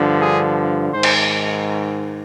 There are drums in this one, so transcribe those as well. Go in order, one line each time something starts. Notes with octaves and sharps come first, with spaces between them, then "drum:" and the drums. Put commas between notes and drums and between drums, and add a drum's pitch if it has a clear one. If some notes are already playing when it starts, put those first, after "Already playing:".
Already playing: G2 D3 F3
G#4
G#2 D#3 C5
drum: cymbal